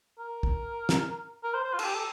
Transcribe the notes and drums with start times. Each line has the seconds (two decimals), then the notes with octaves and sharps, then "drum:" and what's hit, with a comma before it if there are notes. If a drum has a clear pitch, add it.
0.19 A#4
0.43 drum: kick
0.89 drum: snare
1.43 A#4
1.54 C5
1.64 C5
1.73 F4
1.79 A4, drum: cymbal
1.84 G4
1.95 A4